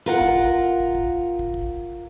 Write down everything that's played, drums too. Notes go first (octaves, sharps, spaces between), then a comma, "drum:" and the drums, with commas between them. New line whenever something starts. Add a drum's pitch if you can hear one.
F4 A#4 F#5
drum: kick
drum: kick
drum: kick
drum: kick
drum: kick
drum: kick